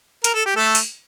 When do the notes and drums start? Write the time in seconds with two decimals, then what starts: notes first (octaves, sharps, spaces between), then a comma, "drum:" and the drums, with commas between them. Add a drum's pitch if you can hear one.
0.24 A#4, drum: hi-hat
0.35 A4
0.46 G4
0.56 A3 A4
0.75 drum: open hi-hat